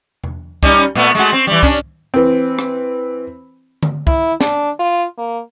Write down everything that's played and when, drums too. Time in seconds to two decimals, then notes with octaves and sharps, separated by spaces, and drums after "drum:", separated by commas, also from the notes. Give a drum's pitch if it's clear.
0.24 drum: tom E2
0.63 G3 C#4 D#4, drum: kick
0.95 A#2 A3 B3
1.15 G#3 A3 F#4
1.33 C4
1.47 E3 G3
1.63 C#4 D4, drum: kick
2.14 E3 C4
2.59 drum: rim click
3.83 drum: tom D3
4.07 E4, drum: kick
4.41 D4, drum: snare
4.79 F4
5.18 A#3